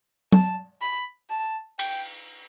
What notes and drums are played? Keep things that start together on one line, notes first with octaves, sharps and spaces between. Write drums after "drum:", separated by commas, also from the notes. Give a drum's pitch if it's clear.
A5, drum: tom F#3
B5
A5
G5, drum: cymbal